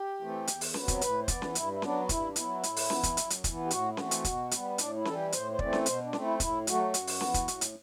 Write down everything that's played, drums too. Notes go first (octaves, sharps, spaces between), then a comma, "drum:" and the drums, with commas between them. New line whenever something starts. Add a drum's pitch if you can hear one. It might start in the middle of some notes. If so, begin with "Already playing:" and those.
Already playing: G4
E3 A3 C4
E2, drum: hi-hat
drum: open hi-hat
C3 F#3 B3, drum: snare C#4
drum: kick, hi-hat
A2 B4, drum: hi-hat
C5
E3 B3 D5, drum: kick, hi-hat
drum: snare C#4
G2 E4, drum: hi-hat
E4
F#3 B3 D4, drum: snare C#4
F#4
G2 E4, drum: kick, hi-hat
D4
F#3 B3 E4, drum: hi-hat
A2, drum: hi-hat
drum: open hi-hat
E3 B3, drum: snare C#4
drum: kick, hi-hat
F#2, drum: hi-hat
drum: hi-hat
E3 B3, drum: kick, hi-hat
G4
A2 F#4, drum: hi-hat
E4
E3 A3 C4 F#4, drum: snare C#4
drum: hi-hat
B2, drum: kick, hi-hat
G3 B3, drum: hi-hat
A2 D4, drum: hi-hat
E4
E3 G3 A4, drum: snare C#4
G4
A2 C5, drum: hi-hat
C5
E3 A3 C4 D5, drum: kick
drum: snare C#4
B2 C5, drum: hi-hat
D4
A3 C4, drum: snare C#4
E4
A2 E4, drum: kick, hi-hat
F#3 A3 F#4, drum: hi-hat
F#2, drum: hi-hat
drum: open hi-hat
E3 B3, drum: snare C#4
drum: kick, hi-hat
A2, drum: hi-hat
drum: hi-hat